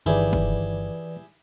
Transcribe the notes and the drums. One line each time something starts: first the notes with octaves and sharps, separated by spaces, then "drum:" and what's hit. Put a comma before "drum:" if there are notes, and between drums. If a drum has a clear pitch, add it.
G1 D#3 E3 E4 G4 G#4 B4 D5
drum: kick